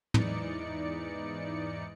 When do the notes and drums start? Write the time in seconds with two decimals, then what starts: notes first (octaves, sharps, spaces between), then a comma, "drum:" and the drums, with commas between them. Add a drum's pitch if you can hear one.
0.14 E2 G#2 E3 D#4 D5 C#7, drum: tom